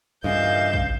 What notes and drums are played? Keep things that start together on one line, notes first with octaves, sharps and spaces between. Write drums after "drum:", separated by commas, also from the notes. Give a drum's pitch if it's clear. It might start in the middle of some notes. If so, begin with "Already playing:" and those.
G2 A#2 C#3 E3 D#5 F5 G6 E7
drum: kick